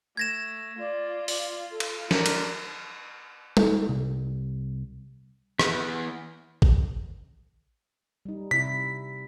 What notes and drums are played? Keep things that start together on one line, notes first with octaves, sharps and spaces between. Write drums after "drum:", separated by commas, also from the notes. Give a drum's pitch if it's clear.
A3 G#6 A#6 E7
F4 D5
D5, drum: open hi-hat
A4
drum: cymbal
D4 A#4, drum: snare
drum: cymbal
drum: tom
C2
E3 B3, drum: rim click
drum: kick A1
G3 D#4
C3 E4 B6